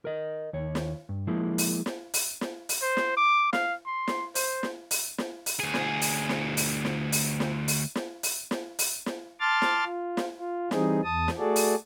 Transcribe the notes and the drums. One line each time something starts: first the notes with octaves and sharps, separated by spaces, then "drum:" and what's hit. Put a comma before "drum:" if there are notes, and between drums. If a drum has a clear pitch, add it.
A#4 D#5
D#2 C#5
drum: snare
G2
F3 G#3 A#3 E4
drum: open hi-hat
drum: snare
drum: open hi-hat
drum: snare
drum: open hi-hat
C5
drum: snare
D6
F5, drum: snare
C6
drum: snare
C5, drum: open hi-hat
drum: snare
drum: open hi-hat
drum: snare
drum: open hi-hat
D2 G#4
drum: snare
drum: open hi-hat
drum: snare
drum: open hi-hat
drum: snare
drum: open hi-hat
drum: snare
drum: open hi-hat
drum: snare
drum: open hi-hat
drum: snare
drum: open hi-hat
drum: snare
A5 C6 D6 F6 A6
drum: snare
F4
drum: snare
F4
E3 G3 C4 D#4 G#4, drum: snare
E2 A5 D#6
drum: snare
A3 F#4 G#4 A4 D5
drum: open hi-hat